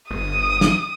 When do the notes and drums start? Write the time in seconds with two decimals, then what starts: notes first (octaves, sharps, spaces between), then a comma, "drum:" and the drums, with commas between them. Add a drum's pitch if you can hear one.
0.10 G1 D#6
0.61 drum: snare